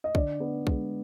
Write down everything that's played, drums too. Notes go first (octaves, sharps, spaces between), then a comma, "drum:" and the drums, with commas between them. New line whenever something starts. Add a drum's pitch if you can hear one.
D#5
D3 D5, drum: kick
B3
G#3, drum: kick